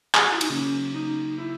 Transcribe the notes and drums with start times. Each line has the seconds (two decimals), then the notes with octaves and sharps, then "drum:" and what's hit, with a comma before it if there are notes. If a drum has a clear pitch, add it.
0.15 G#4, drum: clap
0.24 F#4
0.32 E4
0.41 D#4, drum: cymbal
0.50 C#3 F#3 A#3 C#4
0.94 D#4
1.38 E4